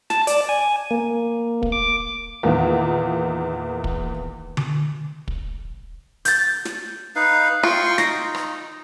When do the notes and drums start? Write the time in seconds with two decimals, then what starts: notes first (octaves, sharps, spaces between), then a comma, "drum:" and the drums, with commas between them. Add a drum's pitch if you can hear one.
0.10 A5, drum: snare
0.27 D5, drum: hi-hat
0.49 G#5
0.91 A#3
1.63 drum: kick
1.72 D6
2.43 E2 A#2 D#3 A#3
3.84 drum: kick
4.57 drum: tom D3
5.28 drum: kick
6.25 G6 A6, drum: hi-hat
6.65 drum: snare
7.16 D#4 B4 F5
7.63 F4 G5 C6 C#6
7.98 D#4 A#6, drum: snare
8.35 drum: rim click